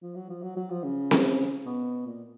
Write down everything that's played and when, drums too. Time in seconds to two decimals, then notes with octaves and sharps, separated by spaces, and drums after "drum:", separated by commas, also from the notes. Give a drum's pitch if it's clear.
0.02 F3
0.15 F#3
0.29 F3
0.43 F#3
0.56 F#3
0.70 F3
0.84 C#3
1.11 drum: snare C4
1.66 B2
2.06 A#2